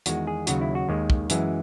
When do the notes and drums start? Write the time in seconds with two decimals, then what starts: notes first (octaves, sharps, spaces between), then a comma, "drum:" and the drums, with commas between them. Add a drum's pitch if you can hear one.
0.06 E2 D#3 G#3 F#4, drum: hi-hat
0.27 G#4
0.47 D#2 C#3 F#3 F#4, drum: hi-hat
0.61 E4
0.75 F#4
0.89 D#2 D#3 G#3
1.10 drum: kick
1.30 F#2 E3 G#3, drum: hi-hat